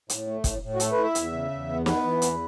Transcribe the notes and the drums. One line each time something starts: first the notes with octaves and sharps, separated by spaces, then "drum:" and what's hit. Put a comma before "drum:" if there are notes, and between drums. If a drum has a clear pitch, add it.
A2, drum: hi-hat
A3
A2, drum: kick, hi-hat
A2
F#4
A3 A4, drum: hi-hat
B4
E4
E5
E2, drum: hi-hat
C#3
E2
B3
B3 B4, drum: snare
E3
E2, drum: hi-hat